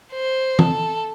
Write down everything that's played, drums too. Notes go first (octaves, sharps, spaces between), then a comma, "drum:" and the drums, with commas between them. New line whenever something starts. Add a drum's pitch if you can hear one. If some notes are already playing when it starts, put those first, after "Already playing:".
C5
A4, drum: tom E3